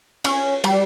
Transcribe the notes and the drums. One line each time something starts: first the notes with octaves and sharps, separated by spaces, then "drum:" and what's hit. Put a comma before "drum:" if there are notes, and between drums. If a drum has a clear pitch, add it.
C#4, drum: cymbal
G3, drum: cymbal